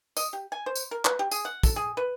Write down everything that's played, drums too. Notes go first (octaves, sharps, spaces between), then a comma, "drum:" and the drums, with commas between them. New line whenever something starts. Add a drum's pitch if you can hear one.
D#5, drum: tambourine
G4
G#5
C5
drum: tambourine
A#4
B4, drum: clap
G4
G#4, drum: tambourine
F#5
A4, drum: kick, tambourine
G#4
B4